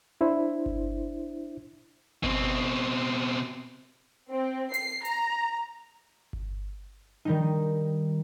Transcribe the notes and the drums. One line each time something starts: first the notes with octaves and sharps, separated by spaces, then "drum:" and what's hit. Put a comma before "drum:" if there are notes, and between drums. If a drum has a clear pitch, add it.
D4 E4 C5
drum: kick G1
B2 C4, drum: kick G1
C4
C7, drum: hi-hat
A#5, drum: hi-hat
drum: kick G1
D#3 G3 D#4